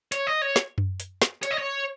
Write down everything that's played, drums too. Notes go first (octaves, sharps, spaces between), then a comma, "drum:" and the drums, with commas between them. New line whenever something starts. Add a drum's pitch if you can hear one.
C#5, drum: hi-hat
D#5
C#5
drum: snare
drum: tom F#2
drum: hi-hat
drum: snare
C#5, drum: hi-hat
D#5
C#5